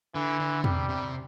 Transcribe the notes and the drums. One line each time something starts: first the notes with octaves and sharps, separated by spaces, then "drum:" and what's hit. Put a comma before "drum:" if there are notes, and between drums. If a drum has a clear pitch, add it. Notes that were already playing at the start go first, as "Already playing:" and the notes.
D3 E3
D3
C3 G3, drum: tom E2
C3